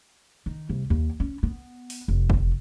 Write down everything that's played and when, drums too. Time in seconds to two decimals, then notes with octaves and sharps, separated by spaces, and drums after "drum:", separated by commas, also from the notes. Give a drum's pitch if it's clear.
0.46 D#3
0.69 C2
0.90 D#2
1.20 C#4
1.43 B3
1.90 drum: open hi-hat
2.08 F1
2.30 drum: kick G1